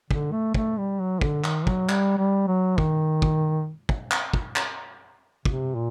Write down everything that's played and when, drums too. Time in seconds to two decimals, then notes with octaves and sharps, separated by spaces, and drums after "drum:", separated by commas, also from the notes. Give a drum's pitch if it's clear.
0.11 D3, drum: kick
0.32 A3
0.54 A3, drum: kick
0.78 G3
1.00 F#3
1.21 D3, drum: kick
1.44 D#3, drum: clap
1.67 F#3, drum: kick
1.89 G3, drum: clap
2.18 G3
2.48 F#3
2.78 D#3, drum: kick
3.22 drum: kick
3.89 drum: kick
4.11 drum: clap
4.34 drum: kick
4.56 drum: clap
5.45 C3, drum: kick
5.75 A#2